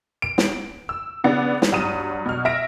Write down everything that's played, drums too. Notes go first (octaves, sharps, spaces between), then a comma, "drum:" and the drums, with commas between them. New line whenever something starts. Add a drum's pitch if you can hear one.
D7
drum: snare
E6
C#3 B3 D4
drum: snare
G2 F#3 D#6 D#7
B2 F6
E5 F6 A#6 D7